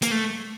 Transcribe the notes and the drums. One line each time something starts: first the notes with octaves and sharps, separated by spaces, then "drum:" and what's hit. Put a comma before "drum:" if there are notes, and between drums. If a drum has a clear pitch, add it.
A#3, drum: hi-hat
A3